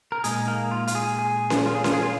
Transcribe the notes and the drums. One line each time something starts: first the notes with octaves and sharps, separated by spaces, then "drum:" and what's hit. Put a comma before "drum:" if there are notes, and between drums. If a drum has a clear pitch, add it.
A#4
A#2 G#3 D#4 G#4, drum: hi-hat
A#3 A#4
F4
F4, drum: hi-hat
G#4
G#4
drum: snare C#4
F4
G#4
F4, drum: snare C#4
G#4
F4